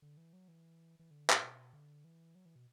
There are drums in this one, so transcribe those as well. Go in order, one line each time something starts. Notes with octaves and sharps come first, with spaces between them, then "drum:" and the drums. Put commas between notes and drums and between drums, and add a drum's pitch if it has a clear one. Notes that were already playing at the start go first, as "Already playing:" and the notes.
D3
E3
F#3
E3
E3
D3
A2, drum: clap
B2
D3
E3
F#3
E3
B2